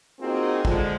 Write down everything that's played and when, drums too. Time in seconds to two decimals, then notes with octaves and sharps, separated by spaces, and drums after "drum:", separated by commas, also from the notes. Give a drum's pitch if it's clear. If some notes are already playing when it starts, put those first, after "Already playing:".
0.20 A#3 C4 D#4 F4 F#4 G#4
0.65 D3 F3 G#3, drum: kick